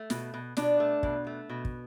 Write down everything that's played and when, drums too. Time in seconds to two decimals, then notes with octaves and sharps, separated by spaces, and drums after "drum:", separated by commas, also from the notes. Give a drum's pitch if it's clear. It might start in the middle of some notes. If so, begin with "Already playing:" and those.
Already playing: A3
0.10 B2, drum: snare
0.34 B2
0.57 B2 D4, drum: snare
0.80 A3
1.03 B2, drum: kick
1.27 A3
1.49 B2
1.65 drum: kick